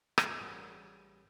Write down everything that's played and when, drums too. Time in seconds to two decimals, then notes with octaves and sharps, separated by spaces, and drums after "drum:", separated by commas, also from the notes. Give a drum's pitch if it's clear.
0.18 D1 G2 G#3, drum: rim click
0.41 A1 G3 C#4 F#4 G#4 A#4 G#5